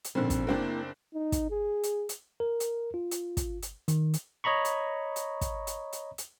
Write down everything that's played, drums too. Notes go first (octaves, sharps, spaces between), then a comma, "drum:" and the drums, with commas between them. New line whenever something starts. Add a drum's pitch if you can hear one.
drum: hi-hat
G#1 A#2 D3 F3 C4
drum: kick, hi-hat
F#1 A#3 C4 D4 E4 A#4
D#4
drum: kick, hi-hat
G#4
drum: hi-hat
drum: hi-hat
A#4
drum: hi-hat
F4
drum: hi-hat
drum: kick, hi-hat
drum: hi-hat
D#3, drum: hi-hat
drum: hi-hat
C#5 D#5 A#5 B5 C#6
drum: hi-hat
drum: hi-hat
drum: kick, hi-hat
drum: hi-hat
drum: hi-hat
drum: hi-hat